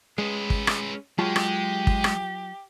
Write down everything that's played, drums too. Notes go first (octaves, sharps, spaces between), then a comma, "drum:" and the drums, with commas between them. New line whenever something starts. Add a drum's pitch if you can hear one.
G#3 C#4 B4
drum: kick
drum: rim click
F#3 G#3 F4 G4 A5
drum: rim click
drum: kick
drum: rim click